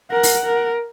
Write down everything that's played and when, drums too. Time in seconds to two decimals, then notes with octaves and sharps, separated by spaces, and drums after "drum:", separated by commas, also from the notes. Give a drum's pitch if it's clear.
0.11 A#4 F#5
0.23 drum: open hi-hat
0.45 A#4